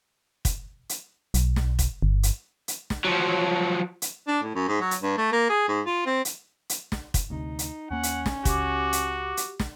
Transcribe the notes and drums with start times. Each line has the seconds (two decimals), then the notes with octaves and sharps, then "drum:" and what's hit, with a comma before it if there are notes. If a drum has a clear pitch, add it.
0.45 drum: kick, hi-hat
0.89 drum: hi-hat
1.34 B1, drum: hi-hat
1.56 drum: snare
1.79 drum: kick, hi-hat
2.03 G1
2.23 drum: hi-hat
2.68 drum: hi-hat
2.90 drum: snare
3.05 F3 F#3
4.02 drum: hi-hat
4.28 D4
4.43 A2
4.55 F#2
4.68 G#2
4.81 F#3
4.91 drum: hi-hat
5.02 G2
5.18 A3
5.32 A#3
5.50 G#4
5.68 G#2
5.86 F4
6.06 C4
6.25 drum: hi-hat
6.69 drum: hi-hat
6.92 drum: snare
7.14 drum: kick, hi-hat
7.30 D2 C3 D#4
7.59 drum: hi-hat
7.91 D#2 A#3 C#4 F#5
8.03 drum: hi-hat
8.26 drum: snare
8.45 C#2 F#4 G4 D6, drum: kick, hi-hat
8.93 drum: hi-hat
9.37 drum: hi-hat
9.60 drum: snare